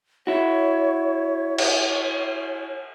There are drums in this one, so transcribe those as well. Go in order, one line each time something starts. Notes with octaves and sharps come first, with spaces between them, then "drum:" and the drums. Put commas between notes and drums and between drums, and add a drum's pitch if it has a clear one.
E4 F#4 C#5
drum: cymbal